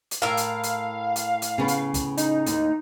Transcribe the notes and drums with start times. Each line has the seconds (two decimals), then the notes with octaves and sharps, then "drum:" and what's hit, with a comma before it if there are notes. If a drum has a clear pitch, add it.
0.11 drum: hi-hat
0.22 A2 A#4 F5
0.37 drum: hi-hat
0.63 drum: hi-hat
1.16 drum: hi-hat
1.42 drum: hi-hat
1.58 C#3 B3
1.68 drum: hi-hat
1.94 drum: kick, hi-hat
2.17 D#4, drum: hi-hat
2.46 D#2, drum: hi-hat